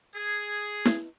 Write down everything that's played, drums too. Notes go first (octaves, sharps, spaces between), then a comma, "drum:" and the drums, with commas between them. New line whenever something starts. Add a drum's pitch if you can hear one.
G#4
drum: snare E4